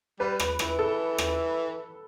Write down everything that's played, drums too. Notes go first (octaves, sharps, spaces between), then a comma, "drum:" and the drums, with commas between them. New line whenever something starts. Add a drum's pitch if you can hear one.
G3 B4
drum: rim click
E3, drum: rim click
A4
drum: rim click